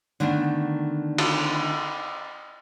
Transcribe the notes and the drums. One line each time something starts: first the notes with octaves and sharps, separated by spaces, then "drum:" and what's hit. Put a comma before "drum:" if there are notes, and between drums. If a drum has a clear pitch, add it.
D3 D#3 A3 B3 D4
drum: cymbal